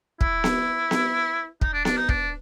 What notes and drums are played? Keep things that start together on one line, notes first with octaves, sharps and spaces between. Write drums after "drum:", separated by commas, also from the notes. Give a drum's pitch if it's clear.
E4, drum: kick
drum: snare B3
drum: snare B3
D#4, drum: kick
D4
D4, drum: snare B3
D#4
D4, drum: kick